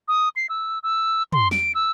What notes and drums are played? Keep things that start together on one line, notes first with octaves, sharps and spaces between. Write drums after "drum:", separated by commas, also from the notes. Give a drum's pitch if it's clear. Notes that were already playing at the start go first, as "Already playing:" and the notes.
D#6
C7
E6
E6
C6, drum: tom
D7, drum: snare
E6